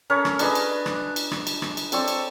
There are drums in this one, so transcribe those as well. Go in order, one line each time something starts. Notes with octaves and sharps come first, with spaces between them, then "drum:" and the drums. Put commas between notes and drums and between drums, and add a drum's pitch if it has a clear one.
C#4 A4 A#4 C#5
drum: rim click
D4 G#4 B4 D#5, drum: cymbal
drum: cymbal
drum: rim click
drum: cymbal
drum: rim click
drum: cymbal
drum: rim click
drum: cymbal
C4 A4 C#5 D5, drum: cymbal
drum: cymbal